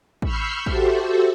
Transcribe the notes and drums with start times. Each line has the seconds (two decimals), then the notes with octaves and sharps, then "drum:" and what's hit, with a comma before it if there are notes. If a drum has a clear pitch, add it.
0.22 B5 C#6 E6 F6 G6 C7, drum: kick
0.66 F#4 G4 A4 C5 E5, drum: kick